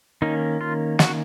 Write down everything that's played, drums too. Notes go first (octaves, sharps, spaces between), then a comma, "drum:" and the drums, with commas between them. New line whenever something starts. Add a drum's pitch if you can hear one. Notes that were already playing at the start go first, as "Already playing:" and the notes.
D#3 A#3 C#4 D#4
F4
F#4, drum: snare